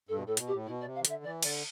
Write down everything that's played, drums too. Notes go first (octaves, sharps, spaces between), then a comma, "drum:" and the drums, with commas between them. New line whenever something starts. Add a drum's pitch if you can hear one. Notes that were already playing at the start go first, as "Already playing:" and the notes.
G2 A4
B2
A2 A4
B2, drum: hi-hat
G4
A2
B2 E4
D5
C3
F5
E3
D3 E5, drum: hi-hat
E3 D5
D3 D5, drum: cymbal